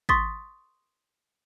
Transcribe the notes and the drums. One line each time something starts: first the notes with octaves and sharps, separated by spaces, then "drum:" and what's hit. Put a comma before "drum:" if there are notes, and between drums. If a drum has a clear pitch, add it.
C6 C#6 D#6 A6 B6, drum: kick A1